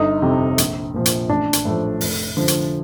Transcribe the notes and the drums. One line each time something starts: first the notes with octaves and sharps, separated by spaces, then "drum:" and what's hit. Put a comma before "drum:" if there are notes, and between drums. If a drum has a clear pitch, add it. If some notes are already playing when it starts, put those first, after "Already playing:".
Already playing: G1 D#4
F2 C3
A#1, drum: hi-hat
A#2 F3
drum: hi-hat
A1 D4
drum: hi-hat
A2 F3 A3
F1, drum: open hi-hat
D3 F3
drum: hi-hat